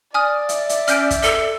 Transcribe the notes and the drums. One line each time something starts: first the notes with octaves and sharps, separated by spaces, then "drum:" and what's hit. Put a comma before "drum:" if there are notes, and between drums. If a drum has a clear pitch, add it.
D5 G#5 D#6 F6
E5, drum: hi-hat
drum: hi-hat
C#4 F6 G6 D7, drum: hi-hat
drum: kick, hi-hat
A4